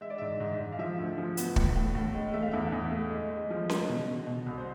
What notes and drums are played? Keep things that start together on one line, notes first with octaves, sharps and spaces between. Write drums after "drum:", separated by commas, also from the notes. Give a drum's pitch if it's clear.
G#3 E5
D5
G#2 E5
G#2
G#2
F5
F3 E5
D2
F3
B3, drum: hi-hat
A2, drum: kick
A2
A2
G#3
A3 E5
F5
E2 E5
E2
A3
G#3
G#3
F3
G#3, drum: snare C#4
B2
B2
B2
C2
C5